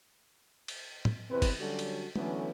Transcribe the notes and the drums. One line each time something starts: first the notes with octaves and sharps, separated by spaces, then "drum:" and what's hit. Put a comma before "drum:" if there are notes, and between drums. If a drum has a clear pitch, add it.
drum: cymbal
drum: tom
E2 C3 C4 B4
drum: kick, cymbal
D3 F#3 G3 C#4 F#4 A4
drum: cymbal
D3 E3 F#3 A3 B3 C#4, drum: tom